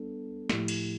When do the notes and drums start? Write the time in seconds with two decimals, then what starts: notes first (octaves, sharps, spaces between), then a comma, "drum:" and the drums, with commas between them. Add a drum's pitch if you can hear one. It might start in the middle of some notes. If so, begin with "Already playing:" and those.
Already playing: G3 B3 D4 A4
0.50 A2 F3 A3 E4 G4, drum: snare
0.68 drum: cymbal